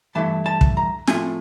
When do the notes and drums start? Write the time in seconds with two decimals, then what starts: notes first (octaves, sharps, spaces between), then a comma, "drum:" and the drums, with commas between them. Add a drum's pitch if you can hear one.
0.15 G2 E3 A3 E4 A5
0.46 A5
0.61 drum: kick
0.77 A#5
1.07 A2 F3 A3 C4 F4 G#5, drum: snare